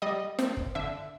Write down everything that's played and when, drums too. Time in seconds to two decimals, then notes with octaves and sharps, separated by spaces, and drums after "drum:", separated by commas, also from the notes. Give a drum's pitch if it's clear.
0.02 G3 D#5
0.39 C4, drum: snare
0.57 drum: kick
0.75 D3 E5